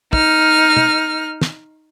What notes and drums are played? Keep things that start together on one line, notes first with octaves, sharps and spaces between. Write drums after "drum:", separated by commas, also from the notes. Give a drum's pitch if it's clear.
D#4 F6, drum: kick
drum: tom
drum: snare